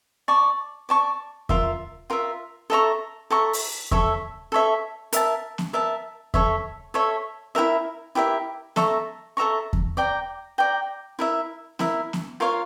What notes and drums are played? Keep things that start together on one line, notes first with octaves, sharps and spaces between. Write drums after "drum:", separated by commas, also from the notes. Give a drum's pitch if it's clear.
D5 A5 C#6
D5 A5 C#6
F4 A#4 E5, drum: kick E2
F4 A#4 E5
A4 E5 A#5 C#6
A4 E5 A#5 C#6
drum: open hi-hat
A4 C#5 E5, drum: kick E2
A4 C#5 E5
A#4 E5 A5, drum: hi-hat
drum: snare B3
A#4 E5 A5
A4 C#5 E5, drum: kick E2
A4 C#5 E5
E4 G4 A#4 E5
E4 G4 A#4 E5
A4 E5 A#5 C#6, drum: snare B3
A4 E5 A#5 C#6
drum: kick E2
D5 G5 A#5
D5 G5 A#5
E4 A#4 E5
E4 A#4 E5, drum: snare B3
drum: snare B3
F4 A#4 C#5 F5